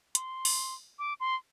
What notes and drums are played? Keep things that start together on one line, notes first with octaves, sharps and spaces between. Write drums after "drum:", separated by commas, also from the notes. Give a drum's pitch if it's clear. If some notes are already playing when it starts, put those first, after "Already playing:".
C6, drum: hi-hat
drum: open hi-hat
D6
C6